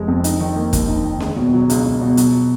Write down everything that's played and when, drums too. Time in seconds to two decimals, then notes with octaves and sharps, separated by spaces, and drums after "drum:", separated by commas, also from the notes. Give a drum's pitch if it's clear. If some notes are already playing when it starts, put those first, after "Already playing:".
Already playing: F1 G#3
0.08 F2
0.24 D#4, drum: hi-hat
0.40 D#3
0.56 A#3
0.73 D#2, drum: kick, hi-hat
0.88 D#4
1.05 D#3
1.20 C#2, drum: snare C#4
1.36 B2
1.53 F#3
1.70 C#2, drum: hi-hat
1.85 C#2
2.01 B2
2.17 F#3, drum: hi-hat